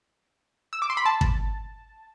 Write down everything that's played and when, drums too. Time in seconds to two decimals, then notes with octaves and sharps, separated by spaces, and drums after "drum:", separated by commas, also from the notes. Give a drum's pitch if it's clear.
0.73 E6
0.82 D6
0.90 C6
0.97 B5
1.06 A5
1.21 drum: kick